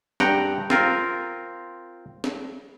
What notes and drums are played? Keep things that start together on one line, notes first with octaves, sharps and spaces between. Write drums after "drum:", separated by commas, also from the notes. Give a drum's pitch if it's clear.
G2 F#5 G5 A#5, drum: snare
C4 F4 A#4, drum: snare
drum: snare